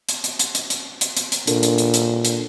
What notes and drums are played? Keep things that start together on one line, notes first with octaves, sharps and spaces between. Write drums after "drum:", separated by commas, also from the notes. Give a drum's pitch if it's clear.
drum: hi-hat
drum: hi-hat
drum: hi-hat
drum: hi-hat
drum: hi-hat
drum: hi-hat
drum: hi-hat
drum: hi-hat
A#2 D4 A4 A#4, drum: hi-hat
drum: hi-hat
drum: hi-hat
drum: hi-hat
drum: hi-hat